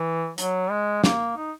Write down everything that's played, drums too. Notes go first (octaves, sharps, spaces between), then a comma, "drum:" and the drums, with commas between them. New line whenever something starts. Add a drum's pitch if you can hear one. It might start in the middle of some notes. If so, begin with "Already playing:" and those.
Already playing: E3
F#3, drum: hi-hat
G#3
A#3, drum: snare
D#4